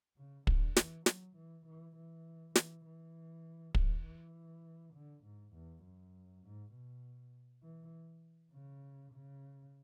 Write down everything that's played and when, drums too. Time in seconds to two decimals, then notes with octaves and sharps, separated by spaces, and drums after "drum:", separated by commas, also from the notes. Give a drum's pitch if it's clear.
0.17 C#3
0.47 D3, drum: kick
0.77 E3, drum: snare
1.06 F#3, drum: snare
1.37 E3
1.66 E3
1.96 E3
2.56 E3, drum: snare
2.85 E3
3.75 E3, drum: kick
4.04 E3
4.94 D3
5.24 G#2
5.54 E2
5.83 F#2
6.43 G#2
6.72 B2
7.62 E3
8.52 C#3
9.12 C#3